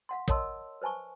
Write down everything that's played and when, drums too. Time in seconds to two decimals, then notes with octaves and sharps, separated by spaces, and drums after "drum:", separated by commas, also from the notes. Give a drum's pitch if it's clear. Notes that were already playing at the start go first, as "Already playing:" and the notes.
0.09 F5 F#5 C6
0.28 A#4 C#5 D#5 A5 C6 E6, drum: kick
0.82 B4 C5 G#5 A5 C#6